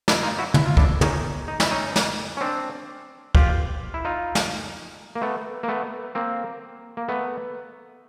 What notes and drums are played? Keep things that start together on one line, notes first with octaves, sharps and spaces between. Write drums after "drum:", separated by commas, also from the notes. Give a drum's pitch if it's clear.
D4 E4, drum: snare
D#4 F4
E4 F#4
E4, drum: tom
F4
D4 E4, drum: kick
C#4 D#4, drum: tom
D#4
E4, drum: snare
C#4 D#4
drum: snare
C#4
C4 D4
F4 G4, drum: kick
E4
D#4 F4
drum: snare
A#3
A3 B3
A#3
A3 B3
A#3 C4
A#3
A3 B3